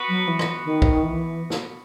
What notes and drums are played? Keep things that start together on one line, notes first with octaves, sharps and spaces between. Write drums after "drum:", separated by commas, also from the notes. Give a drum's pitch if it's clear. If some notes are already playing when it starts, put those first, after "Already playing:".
Already playing: B3 F#4 B4
F#3
E3
drum: rim click
D#3
drum: kick
E3
drum: snare